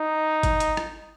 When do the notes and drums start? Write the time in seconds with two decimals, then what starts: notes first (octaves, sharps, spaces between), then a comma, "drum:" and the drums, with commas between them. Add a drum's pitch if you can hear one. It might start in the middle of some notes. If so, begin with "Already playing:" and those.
Already playing: D#4
0.43 drum: kick G1, hi-hat
0.60 drum: hi-hat
0.77 drum: rim click